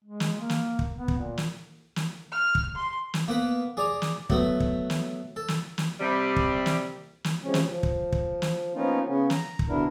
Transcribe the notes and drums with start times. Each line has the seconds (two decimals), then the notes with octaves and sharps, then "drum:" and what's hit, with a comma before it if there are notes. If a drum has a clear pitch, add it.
0.04 G#3
0.20 drum: snare
0.40 A#3
0.49 drum: snare
0.79 drum: kick
0.98 B3
1.08 drum: kick
1.18 A#2
1.38 drum: snare
1.96 drum: snare
2.32 F6
2.55 drum: kick
2.76 C6
3.14 drum: snare
3.28 A#3 B3 B4
3.77 G#4 D5 A#5
4.02 drum: snare
4.30 F#3 A3 B3, drum: kick
4.60 drum: kick
4.90 drum: snare
5.36 A4
5.48 drum: snare
5.78 drum: snare
6.00 C3 G3
6.36 drum: kick
6.66 drum: snare
7.24 drum: snare
7.44 C3 F3 G#3 C#4
7.54 drum: snare
7.65 F3
7.83 drum: kick
8.12 drum: kick
8.42 drum: snare
8.75 F3 A#3 B3 C#4 D#4 F4
9.07 C#3 B3 C#4
9.30 A#5, drum: snare
9.59 drum: kick
9.69 B2 D3 B3 D4 E4 A#4